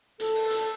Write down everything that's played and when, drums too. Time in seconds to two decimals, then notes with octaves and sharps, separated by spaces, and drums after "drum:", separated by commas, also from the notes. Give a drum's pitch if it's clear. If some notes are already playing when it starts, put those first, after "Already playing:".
0.20 A4, drum: hi-hat
0.35 drum: open hi-hat
0.50 drum: hi-hat